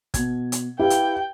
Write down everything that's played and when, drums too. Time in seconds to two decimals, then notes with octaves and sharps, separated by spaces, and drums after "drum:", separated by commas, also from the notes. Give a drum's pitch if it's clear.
0.14 B2 G#6, drum: kick, hi-hat
0.52 drum: hi-hat
0.79 E4 G4 B4 F5 G5
0.90 drum: hi-hat